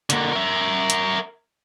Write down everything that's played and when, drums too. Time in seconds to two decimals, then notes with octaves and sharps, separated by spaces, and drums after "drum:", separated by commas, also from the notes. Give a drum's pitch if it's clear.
0.10 D3 A#3, drum: hi-hat
0.33 A#4 E5
0.90 drum: hi-hat